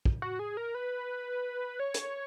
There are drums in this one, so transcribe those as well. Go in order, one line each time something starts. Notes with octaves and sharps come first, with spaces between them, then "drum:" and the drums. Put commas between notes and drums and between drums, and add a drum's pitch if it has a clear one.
drum: kick
F#4
G#4
A#4
B4
C#5
drum: hi-hat